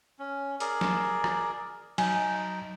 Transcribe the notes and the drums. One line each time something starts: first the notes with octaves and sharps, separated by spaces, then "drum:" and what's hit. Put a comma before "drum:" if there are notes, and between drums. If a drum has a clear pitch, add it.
C#4
G#4 A#4 D5, drum: hi-hat
drum: snare F#3
drum: rim click
F#3 D#4 G#5, drum: cymbal